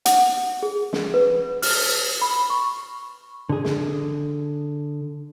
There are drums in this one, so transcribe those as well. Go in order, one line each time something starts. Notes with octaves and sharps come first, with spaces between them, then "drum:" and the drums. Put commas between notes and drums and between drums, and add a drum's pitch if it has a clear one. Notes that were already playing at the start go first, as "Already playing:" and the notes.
F#5, drum: hi-hat
G#4
drum: snare
B4
F6, drum: open hi-hat
B5
C#6
D3 G#4
drum: snare